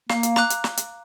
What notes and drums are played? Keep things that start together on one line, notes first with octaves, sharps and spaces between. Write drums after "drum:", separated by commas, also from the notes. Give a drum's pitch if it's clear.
A#3 F5, drum: snare
drum: hi-hat
A#5 D6 F#6, drum: snare
drum: hi-hat
drum: snare
drum: hi-hat